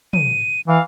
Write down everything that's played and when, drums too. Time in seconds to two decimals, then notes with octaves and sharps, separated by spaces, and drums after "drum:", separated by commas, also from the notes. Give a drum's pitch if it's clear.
0.13 D#7, drum: tom
0.68 E3 F5